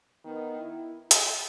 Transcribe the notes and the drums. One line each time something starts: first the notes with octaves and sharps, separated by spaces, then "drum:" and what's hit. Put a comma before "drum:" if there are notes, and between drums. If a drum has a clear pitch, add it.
D#3 B3
E4
drum: hi-hat